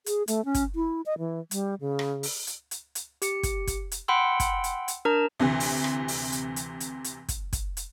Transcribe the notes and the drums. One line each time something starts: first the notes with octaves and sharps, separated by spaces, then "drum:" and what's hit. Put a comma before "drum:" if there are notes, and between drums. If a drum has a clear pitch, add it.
G#4, drum: hi-hat
A3, drum: hi-hat
C#4
drum: kick, hi-hat
E4
D#5
E3
G3, drum: hi-hat
C#3
drum: rim click
drum: open hi-hat
drum: hi-hat
drum: hi-hat
drum: hi-hat
G4 C#7, drum: hi-hat
drum: kick, hi-hat
drum: kick, hi-hat
drum: hi-hat
F#5 G5 B5 C6 E6
drum: kick, hi-hat
drum: hi-hat
drum: hi-hat
D4 A#4 A5 A#5
D2 C3 E3
drum: open hi-hat
drum: rim click
drum: open hi-hat
drum: hi-hat
drum: hi-hat
drum: hi-hat
drum: hi-hat
drum: kick, hi-hat
drum: kick, hi-hat
drum: hi-hat